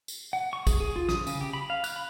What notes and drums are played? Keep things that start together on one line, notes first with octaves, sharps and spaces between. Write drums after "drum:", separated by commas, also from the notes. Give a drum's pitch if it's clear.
drum: tambourine
F#5
C#6
G#4, drum: kick, tambourine
G#4
F4
D#6, drum: snare
C#3, drum: tambourine
G4
B5
F5
F#6, drum: tambourine
B5